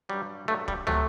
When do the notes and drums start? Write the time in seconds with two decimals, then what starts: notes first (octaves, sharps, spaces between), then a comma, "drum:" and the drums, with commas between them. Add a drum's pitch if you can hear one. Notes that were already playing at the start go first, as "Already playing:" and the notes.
0.09 G2 F#3 G3
0.48 G2 F#3 A3
0.68 G3, drum: kick
0.87 C3 F#3 A3, drum: tom